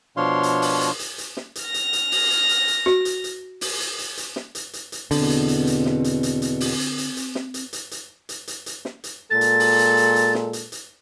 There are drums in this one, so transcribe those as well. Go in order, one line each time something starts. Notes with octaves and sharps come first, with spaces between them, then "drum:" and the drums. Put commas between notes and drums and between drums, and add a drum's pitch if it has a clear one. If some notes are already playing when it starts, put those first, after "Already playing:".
B2 F3 D4 C#5 F5 C6
drum: hi-hat
drum: open hi-hat
drum: hi-hat
drum: hi-hat
drum: hi-hat
drum: snare
drum: hi-hat
F6 A#6
drum: hi-hat
drum: hi-hat
drum: open hi-hat
drum: hi-hat
drum: hi-hat
drum: hi-hat
F#4, drum: snare
drum: hi-hat
drum: hi-hat
drum: open hi-hat
drum: hi-hat
drum: hi-hat
drum: hi-hat
drum: snare
drum: hi-hat
drum: hi-hat
drum: hi-hat
E2 B2 D3 C4, drum: open hi-hat
drum: hi-hat
drum: hi-hat
drum: hi-hat
drum: snare
drum: hi-hat
drum: hi-hat
drum: hi-hat
drum: open hi-hat
drum: hi-hat
drum: hi-hat
drum: hi-hat
drum: snare
drum: hi-hat
drum: hi-hat
drum: hi-hat
drum: hi-hat
drum: hi-hat
drum: hi-hat
drum: snare
drum: hi-hat
A#2 G#3 A4 A6
drum: hi-hat
drum: open hi-hat
drum: hi-hat
drum: hi-hat
drum: hi-hat
drum: snare
drum: hi-hat
drum: hi-hat